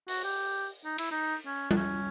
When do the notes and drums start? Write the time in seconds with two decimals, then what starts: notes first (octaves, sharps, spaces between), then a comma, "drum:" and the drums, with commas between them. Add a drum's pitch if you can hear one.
0.08 F#4, drum: open hi-hat
0.24 G4
0.85 D#4
0.98 E4, drum: cymbal
1.11 D#4
1.46 C#4
1.71 D4, drum: tom G3
1.76 C#4